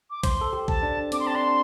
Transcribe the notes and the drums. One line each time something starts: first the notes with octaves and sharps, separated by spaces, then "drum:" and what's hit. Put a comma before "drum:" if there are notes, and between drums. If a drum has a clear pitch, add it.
D6
C5 C6, drum: kick, hi-hat
A4
G4
A5, drum: kick
D4
C4 D6, drum: hi-hat
C6
C4 A5
D4 C6